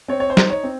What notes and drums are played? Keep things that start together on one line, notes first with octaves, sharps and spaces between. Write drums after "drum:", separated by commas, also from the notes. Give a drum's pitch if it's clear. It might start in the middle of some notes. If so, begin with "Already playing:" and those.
C4 C#5
C#5
C5
D#4, drum: snare
C#5
C4